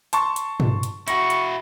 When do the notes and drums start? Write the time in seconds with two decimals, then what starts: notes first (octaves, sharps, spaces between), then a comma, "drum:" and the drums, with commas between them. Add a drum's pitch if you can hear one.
0.13 A5 C6 C#6, drum: hi-hat
0.36 drum: hi-hat
0.60 drum: tom
0.83 drum: hi-hat
1.08 E4 F#4 C#6 A#6, drum: hi-hat
1.30 drum: hi-hat